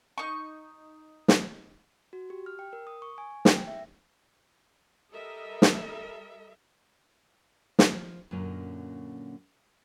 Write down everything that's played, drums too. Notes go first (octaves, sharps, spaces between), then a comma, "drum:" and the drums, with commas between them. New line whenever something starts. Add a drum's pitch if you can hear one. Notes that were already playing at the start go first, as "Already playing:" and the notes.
D#4 C#6
drum: snare
F#4
G4
F6
G5
A#4
D#6
C#6
G#5
G5, drum: snare
E5
G3 A4 A#4 D#5 E5
drum: snare
drum: snare
F3
F#2 A#2 D3 A#3 C#4